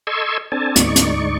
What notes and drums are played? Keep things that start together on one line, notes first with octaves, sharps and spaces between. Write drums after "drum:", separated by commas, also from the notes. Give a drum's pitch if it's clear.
A4 D#5 C6 C#6 E6 G#6
C4 D4 A4 G#5 A5
D2 G#2 D#4 D5 C#6, drum: hi-hat
drum: hi-hat